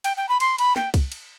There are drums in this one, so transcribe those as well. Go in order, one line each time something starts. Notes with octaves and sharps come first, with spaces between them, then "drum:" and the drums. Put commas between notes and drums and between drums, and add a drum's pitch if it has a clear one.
G5, drum: cymbal
G5
B5
C6, drum: cymbal
B5, drum: cymbal
G5, drum: snare
drum: kick C2, cymbal
drum: cymbal